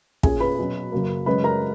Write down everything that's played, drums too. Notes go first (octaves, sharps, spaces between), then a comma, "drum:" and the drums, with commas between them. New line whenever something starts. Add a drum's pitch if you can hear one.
A#2 A#3 C#4 G#4 G#5, drum: kick
B4 B5
B2 F#3 C#4
F#2 C#3 F#3 A#3
F#2 C#3 G#3 B4 B5
A#4 A#5